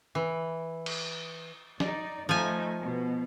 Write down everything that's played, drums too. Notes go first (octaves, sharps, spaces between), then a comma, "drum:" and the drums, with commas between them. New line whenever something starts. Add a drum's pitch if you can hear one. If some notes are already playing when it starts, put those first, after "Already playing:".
E3
drum: cymbal
D#4 D5, drum: snare
F3 A3 D#4 G#5
B2